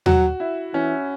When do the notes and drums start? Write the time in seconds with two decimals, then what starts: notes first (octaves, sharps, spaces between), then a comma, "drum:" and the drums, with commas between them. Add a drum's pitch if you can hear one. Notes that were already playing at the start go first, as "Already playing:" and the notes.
0.06 F#3 F#4, drum: tom D#2
0.40 E4
0.73 E3 C#4